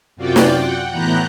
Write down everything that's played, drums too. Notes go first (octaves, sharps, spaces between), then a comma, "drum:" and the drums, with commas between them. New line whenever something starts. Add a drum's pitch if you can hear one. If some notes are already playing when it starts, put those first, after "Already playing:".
F#2 C3 F4 F#4 D5 G5
drum: snare
F#5 G5
A2 E3 B3 A#5 F#6 G6